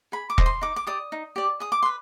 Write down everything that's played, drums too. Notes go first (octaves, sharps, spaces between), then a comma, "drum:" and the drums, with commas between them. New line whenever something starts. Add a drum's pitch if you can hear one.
G#4 B5
D6
C5 D#5, drum: kick E1
C6
D#4 D6
D6
G4 D5 D#6
D#4
G4 D5
G#4 D#6
D6
C6
B4